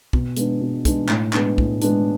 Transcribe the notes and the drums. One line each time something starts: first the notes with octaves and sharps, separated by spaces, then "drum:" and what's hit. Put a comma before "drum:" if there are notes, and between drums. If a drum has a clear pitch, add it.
B2, drum: kick
G#3 B3 D4, drum: hi-hat
B2
G#3 B3 D4, drum: kick, hi-hat
A2, drum: clap
G#3 B3 D4, drum: clap
A2, drum: kick
G#3 B3 D4, drum: hi-hat